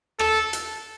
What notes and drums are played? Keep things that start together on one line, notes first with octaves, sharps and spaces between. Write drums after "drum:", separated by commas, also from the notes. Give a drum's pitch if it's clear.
A4, drum: rim click
drum: hi-hat